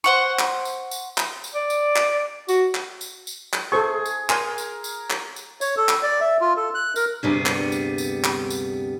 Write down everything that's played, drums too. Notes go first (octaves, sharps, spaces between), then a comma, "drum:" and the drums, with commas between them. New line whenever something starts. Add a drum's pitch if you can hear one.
C5 F#5 C#6
drum: clap
drum: tambourine
drum: tambourine
drum: clap
drum: tambourine
D5
drum: tambourine
drum: clap
F#4, drum: tambourine
drum: clap
drum: tambourine
drum: tambourine
drum: clap
G#4 A4 C5 C#6
drum: tambourine
A#4 G#5 C6, drum: clap
drum: tambourine
drum: tambourine
drum: clap
drum: tambourine
C#5, drum: tambourine
A4
drum: clap
D5
E5
F4
A4
F#6
A#4, drum: tambourine
D2 G2 C3 G3 B3 G#4
drum: clap
drum: tambourine
drum: tambourine
drum: clap
drum: tambourine